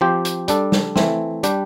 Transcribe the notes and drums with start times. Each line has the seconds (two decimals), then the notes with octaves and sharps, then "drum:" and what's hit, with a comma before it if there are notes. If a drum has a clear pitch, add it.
0.01 F3 C4 G4 C5
0.25 drum: hi-hat
0.48 G3 D4 A4, drum: hi-hat
0.72 drum: snare
0.96 E3 A3 C4, drum: snare
1.43 G3 D4 G4, drum: hi-hat